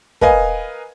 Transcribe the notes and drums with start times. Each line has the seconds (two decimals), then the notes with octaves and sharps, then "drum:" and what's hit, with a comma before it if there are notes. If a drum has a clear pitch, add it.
0.21 A#4 B4 D#5 F5 G#5, drum: kick